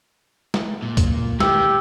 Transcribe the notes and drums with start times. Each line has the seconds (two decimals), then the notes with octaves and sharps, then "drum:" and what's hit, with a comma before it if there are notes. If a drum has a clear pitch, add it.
0.54 drum: snare
0.82 A#2
0.97 drum: kick, hi-hat
1.40 D#3 G4 E6, drum: snare